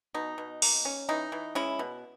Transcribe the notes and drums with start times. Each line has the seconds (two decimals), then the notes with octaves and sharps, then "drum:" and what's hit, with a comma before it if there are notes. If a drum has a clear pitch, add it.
0.14 B2 D#4
0.38 B2
0.62 A#3, drum: open hi-hat
0.85 C#4
1.09 E3 D#4
1.32 E3
1.55 G#3 C#4 E4
1.79 B2